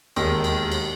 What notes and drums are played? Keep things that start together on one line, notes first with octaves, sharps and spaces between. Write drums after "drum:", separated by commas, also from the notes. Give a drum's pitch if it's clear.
E1 D#2 D#3 G#3, drum: cymbal
drum: cymbal
drum: cymbal